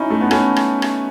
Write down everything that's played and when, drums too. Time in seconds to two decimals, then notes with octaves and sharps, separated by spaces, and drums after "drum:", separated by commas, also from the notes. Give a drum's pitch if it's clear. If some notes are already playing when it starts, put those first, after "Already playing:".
Already playing: C#4 D#4 E4
0.10 A3
0.21 B3
0.31 A3 C#4, drum: rim click
0.56 drum: rim click
0.82 drum: rim click